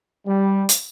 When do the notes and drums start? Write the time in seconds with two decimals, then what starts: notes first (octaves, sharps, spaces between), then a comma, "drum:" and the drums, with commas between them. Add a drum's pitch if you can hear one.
0.26 G3
0.69 drum: hi-hat